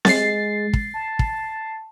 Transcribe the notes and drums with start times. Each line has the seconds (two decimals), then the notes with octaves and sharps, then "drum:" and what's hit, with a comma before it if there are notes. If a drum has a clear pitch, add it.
0.05 G#3 A6 C7, drum: snare C4
0.73 drum: kick
0.94 A5
1.19 drum: kick